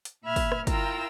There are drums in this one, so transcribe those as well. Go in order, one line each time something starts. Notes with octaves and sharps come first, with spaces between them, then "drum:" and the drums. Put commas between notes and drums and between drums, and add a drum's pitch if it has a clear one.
drum: hi-hat
A#2 E5 B5 F6 G#6
drum: kick, open hi-hat
drum: rim click
E4 F4 A#4 G5 A#5 E6, drum: kick, hi-hat